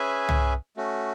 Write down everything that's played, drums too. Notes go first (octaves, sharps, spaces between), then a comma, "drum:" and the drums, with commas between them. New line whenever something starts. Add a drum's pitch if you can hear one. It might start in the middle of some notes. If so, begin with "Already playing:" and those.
Already playing: C#4 G#4 B4 E5 G#5
drum: tom C2
A3 C#4 F#4